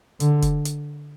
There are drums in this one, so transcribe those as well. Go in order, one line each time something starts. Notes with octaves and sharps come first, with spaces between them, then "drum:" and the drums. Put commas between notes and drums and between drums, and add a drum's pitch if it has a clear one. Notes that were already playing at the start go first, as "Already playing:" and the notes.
D3, drum: hi-hat
drum: kick F1, hi-hat
drum: hi-hat